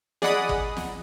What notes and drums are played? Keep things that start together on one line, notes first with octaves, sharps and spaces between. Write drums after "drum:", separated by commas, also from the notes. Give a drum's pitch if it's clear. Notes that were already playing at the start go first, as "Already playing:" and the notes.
G#4 D5 D#5 F#5 B5 D#6, drum: snare
drum: kick
drum: snare